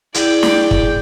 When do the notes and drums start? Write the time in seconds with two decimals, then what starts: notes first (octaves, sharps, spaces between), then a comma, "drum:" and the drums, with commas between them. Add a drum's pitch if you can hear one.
0.14 E4 G#4 D5 G5, drum: hi-hat
0.43 drum: snare
0.71 drum: kick